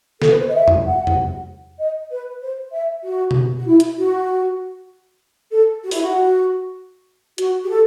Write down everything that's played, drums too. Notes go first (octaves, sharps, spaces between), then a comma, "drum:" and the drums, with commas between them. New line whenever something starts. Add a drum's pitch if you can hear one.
A4, drum: snare
B4
C5
D#5
E5
drum: tom E2
F#5
drum: tom E2
D#5
B4
C5
E5
F#4
drum: tom B2
F#4
E4
drum: hi-hat
F#4
A4
F#4
E4, drum: open hi-hat
F#4
F#4, drum: hi-hat
G4
A4